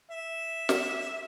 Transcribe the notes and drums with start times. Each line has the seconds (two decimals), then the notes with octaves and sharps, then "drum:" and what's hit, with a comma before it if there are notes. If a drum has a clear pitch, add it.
0.11 E5
0.69 drum: snare